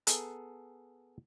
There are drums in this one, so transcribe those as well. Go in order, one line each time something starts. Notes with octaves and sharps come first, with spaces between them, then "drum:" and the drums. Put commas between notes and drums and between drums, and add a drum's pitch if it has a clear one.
B3 G#4 A4 A#5, drum: hi-hat